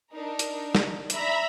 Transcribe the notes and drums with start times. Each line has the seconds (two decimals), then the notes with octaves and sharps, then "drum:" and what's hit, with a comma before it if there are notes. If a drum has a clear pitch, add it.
0.12 D4 D#4 A#4
0.39 drum: hi-hat
0.75 drum: snare
1.10 D5 E5 A#5 B5, drum: hi-hat